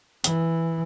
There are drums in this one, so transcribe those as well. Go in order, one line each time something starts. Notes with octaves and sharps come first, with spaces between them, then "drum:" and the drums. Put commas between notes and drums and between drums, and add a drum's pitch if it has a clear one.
E3, drum: hi-hat